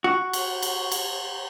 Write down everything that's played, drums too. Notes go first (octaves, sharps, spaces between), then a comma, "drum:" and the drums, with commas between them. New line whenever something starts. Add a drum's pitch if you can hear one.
F#4
drum: cymbal
drum: cymbal
drum: cymbal